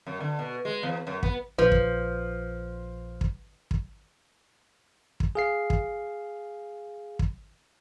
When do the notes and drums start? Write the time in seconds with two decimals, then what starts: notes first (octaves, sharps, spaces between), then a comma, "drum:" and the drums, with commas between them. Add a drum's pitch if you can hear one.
0.07 F#2
0.20 D3
0.39 B2
0.65 G#3
0.83 E2
1.07 F#2
1.23 B3, drum: kick
1.58 A#1 F3 B4
1.72 drum: kick
3.21 drum: kick
3.71 drum: kick
5.20 drum: kick
5.35 G#4 F5 C7
5.70 drum: kick
7.19 drum: kick